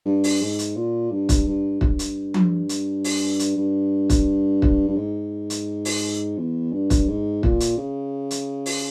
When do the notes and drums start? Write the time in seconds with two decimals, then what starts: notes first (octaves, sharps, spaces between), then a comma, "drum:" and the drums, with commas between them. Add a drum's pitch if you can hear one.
0.06 G2
0.24 drum: open hi-hat
0.41 G#2
0.59 drum: hi-hat
0.76 A#2
1.11 G2
1.29 drum: kick, hi-hat
1.46 G2
1.81 G2, drum: kick
1.99 drum: hi-hat
2.34 drum: tom F3
2.69 drum: hi-hat
3.04 drum: open hi-hat
3.39 drum: hi-hat
3.56 G2
4.10 drum: kick, hi-hat
4.62 drum: kick
4.87 G2
4.97 G#2
5.50 drum: hi-hat
5.85 drum: open hi-hat
6.38 E2
6.73 G2
6.90 drum: kick, hi-hat
7.08 G#2
7.43 A#2, drum: kick
7.60 drum: hi-hat
7.78 C#3
8.31 drum: hi-hat
8.66 drum: open hi-hat